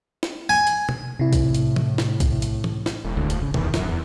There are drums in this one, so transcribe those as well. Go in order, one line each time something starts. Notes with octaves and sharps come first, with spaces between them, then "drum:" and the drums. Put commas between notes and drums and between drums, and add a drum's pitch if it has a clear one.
drum: snare
G#5
drum: hi-hat
drum: tom
A2 C3 E4
drum: kick A#1, hi-hat
drum: hi-hat
drum: tom
drum: snare
drum: kick A#1, hi-hat
drum: hi-hat
drum: tom
drum: snare
E1
D2 D3
drum: hi-hat
G#1 C#3
D1 G#1 E2 D#3, drum: tom
F#2, drum: snare
E2